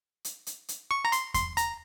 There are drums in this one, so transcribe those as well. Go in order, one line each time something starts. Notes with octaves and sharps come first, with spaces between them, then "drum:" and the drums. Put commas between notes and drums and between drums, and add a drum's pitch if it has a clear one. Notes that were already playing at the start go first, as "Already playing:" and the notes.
drum: hi-hat
drum: hi-hat
drum: hi-hat
C#6
A#5
C6, drum: hi-hat
C6, drum: kick E2, hi-hat
A#5, drum: hi-hat